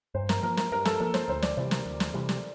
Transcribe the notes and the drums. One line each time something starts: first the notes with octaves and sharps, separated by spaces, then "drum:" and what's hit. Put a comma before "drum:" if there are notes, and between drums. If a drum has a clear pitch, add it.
G2 C5
A#4, drum: snare
F3 A#3 A#4
A#4, drum: snare
G2 A#4
A4, drum: snare
F3 A#3 A#4
C5, drum: snare
D2 C5
D5, drum: snare
C3 E3 G3 C5
A#4, drum: snare
D2
drum: snare
C3 E3 G3
drum: snare